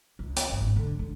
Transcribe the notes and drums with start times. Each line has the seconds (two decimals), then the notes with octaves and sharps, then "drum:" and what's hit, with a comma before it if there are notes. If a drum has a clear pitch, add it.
0.19 C#2
0.36 drum: hi-hat
0.49 E2 G2
0.61 G#1 F#2
0.76 D3
0.99 C#2 D3